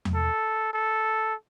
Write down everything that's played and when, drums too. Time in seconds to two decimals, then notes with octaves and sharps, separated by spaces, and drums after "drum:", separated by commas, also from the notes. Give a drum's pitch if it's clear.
0.05 drum: tom E2
0.14 A4
0.73 A4